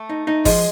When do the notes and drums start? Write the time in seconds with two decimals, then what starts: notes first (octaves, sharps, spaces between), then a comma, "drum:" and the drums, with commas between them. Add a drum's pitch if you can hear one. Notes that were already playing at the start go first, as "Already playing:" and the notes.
Already playing: A3
0.10 D#4
0.27 D#4
0.45 F3 G#3, drum: kick G1, open hi-hat